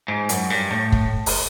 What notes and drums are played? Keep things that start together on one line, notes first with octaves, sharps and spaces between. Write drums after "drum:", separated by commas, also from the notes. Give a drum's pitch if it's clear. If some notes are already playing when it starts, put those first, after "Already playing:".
G#2
F#2, drum: hi-hat
G2
A2
drum: kick
drum: open hi-hat